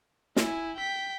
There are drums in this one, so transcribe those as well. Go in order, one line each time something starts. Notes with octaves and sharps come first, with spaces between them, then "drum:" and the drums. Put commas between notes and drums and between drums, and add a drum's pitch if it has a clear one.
E4 G#5, drum: snare
G5 B6